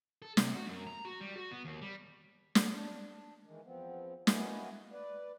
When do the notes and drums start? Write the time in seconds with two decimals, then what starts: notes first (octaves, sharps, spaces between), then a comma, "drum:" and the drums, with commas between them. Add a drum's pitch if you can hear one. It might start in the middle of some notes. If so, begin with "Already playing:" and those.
0.22 A4
0.37 C3, drum: snare
0.54 F#4
0.66 F#2
0.87 A#5
1.05 F#4
1.20 G3
1.36 F#4
1.51 B3
1.65 D#2
1.82 G3
2.55 drum: snare
2.70 D4
3.45 D#3 E3 G#3
3.65 E2 F3 B3 C4
4.27 A#3 B3 E4 F#4 D#5 G#5, drum: snare
4.92 B4 D5